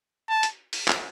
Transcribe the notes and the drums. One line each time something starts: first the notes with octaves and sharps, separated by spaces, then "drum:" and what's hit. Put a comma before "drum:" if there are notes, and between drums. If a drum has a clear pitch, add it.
A5
drum: hi-hat
drum: open hi-hat
drum: clap